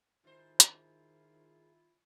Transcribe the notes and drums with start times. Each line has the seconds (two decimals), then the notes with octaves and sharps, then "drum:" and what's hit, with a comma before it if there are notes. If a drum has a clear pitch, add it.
0.24 G#2 D#3 E4 F4 C5
0.60 drum: hi-hat